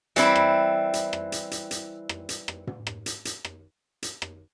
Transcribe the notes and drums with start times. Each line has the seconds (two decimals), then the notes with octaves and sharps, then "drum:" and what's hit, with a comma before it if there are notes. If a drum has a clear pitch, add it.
0.16 E3 G3 C4 E4, drum: hi-hat
0.36 drum: rim click
0.93 drum: hi-hat
1.13 drum: rim click
1.32 drum: hi-hat
1.51 drum: hi-hat
1.71 drum: hi-hat
2.09 drum: rim click
2.29 drum: hi-hat
2.48 drum: rim click
2.67 drum: tom
2.87 drum: rim click
3.06 drum: hi-hat
3.25 drum: hi-hat
3.45 drum: rim click
4.03 drum: hi-hat
4.22 drum: rim click